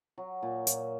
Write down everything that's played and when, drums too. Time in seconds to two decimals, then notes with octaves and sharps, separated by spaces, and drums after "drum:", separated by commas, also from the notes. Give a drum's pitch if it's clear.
0.18 F#3
0.43 A#2
0.67 A#2, drum: hi-hat